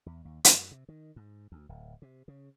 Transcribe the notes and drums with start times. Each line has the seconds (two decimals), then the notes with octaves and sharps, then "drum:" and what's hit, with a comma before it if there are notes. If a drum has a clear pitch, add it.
0.06 E2
0.25 D#2
0.44 F#2, drum: hi-hat
0.71 C3
0.89 D#3
1.16 G#2
1.52 D2
1.69 D1
2.02 C3
2.28 C#3